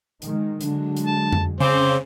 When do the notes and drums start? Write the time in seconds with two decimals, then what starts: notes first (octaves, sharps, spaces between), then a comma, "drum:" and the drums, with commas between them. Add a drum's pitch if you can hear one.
0.22 D#3 G#3, drum: hi-hat
0.61 D3 F#3 G#3 D4, drum: hi-hat
0.97 drum: hi-hat
1.06 A5
1.32 drum: tom F2
1.60 C#3 C4 C5 D6